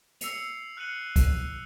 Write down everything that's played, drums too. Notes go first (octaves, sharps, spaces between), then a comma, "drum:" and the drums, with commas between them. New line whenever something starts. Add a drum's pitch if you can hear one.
E6 C7 C#7 F7, drum: hi-hat
F6 F#6 C7 C#7 D#7 F#7
drum: kick, hi-hat